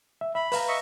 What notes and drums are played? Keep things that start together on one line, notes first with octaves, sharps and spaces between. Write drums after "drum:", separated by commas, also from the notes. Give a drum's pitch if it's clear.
E5
E5 B5
B4 F5 A#5, drum: open hi-hat
D#5 E5 C#6